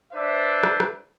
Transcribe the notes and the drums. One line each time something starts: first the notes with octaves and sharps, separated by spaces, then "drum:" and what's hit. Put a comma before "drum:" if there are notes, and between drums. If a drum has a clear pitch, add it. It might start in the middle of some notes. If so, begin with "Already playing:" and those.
D4 B4 C5 D5 E5
drum: rim click
drum: rim click